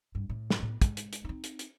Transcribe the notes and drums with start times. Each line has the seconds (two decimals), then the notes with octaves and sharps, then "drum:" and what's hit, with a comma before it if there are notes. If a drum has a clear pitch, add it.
0.15 G2
0.30 A2
0.50 drum: snare
0.60 A2 B3
0.82 G#3, drum: kick, hi-hat
0.97 drum: hi-hat
1.13 drum: hi-hat
1.25 C4 D#4
1.44 drum: hi-hat
1.59 drum: hi-hat